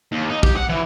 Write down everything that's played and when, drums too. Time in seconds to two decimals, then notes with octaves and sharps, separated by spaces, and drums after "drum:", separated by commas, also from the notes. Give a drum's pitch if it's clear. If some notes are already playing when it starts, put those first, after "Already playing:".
0.12 D#2
0.30 D#4
0.43 G4, drum: kick
0.57 F#5
0.69 E3